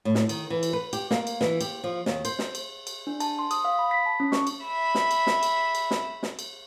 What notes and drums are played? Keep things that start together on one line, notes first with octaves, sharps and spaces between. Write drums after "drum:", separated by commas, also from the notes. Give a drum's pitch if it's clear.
A2
drum: snare
D#3, drum: cymbal
E3
drum: cymbal
B4
G4, drum: cymbal
A#3, drum: snare
drum: cymbal
E3, drum: snare
G4, drum: cymbal
F3
D#2, drum: snare
C5, drum: cymbal
drum: snare
drum: cymbal
drum: cymbal
D4
A5, drum: cymbal
C6
D#6, drum: cymbal
F5
B5
B6
A5
C#4
C#6, drum: snare
drum: cymbal
E5 B5
drum: snare
drum: cymbal
drum: snare
drum: cymbal
drum: cymbal
drum: snare
drum: snare
drum: cymbal